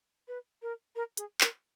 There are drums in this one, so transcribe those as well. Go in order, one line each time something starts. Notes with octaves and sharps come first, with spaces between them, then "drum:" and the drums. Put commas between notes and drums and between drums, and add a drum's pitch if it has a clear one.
B4
A#4
A#4
G#4, drum: hi-hat
A#4, drum: clap